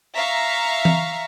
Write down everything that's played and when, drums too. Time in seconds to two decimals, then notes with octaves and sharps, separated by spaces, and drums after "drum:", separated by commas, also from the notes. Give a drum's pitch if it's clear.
0.16 E5 F5 A#5 C#6
0.85 drum: tom E3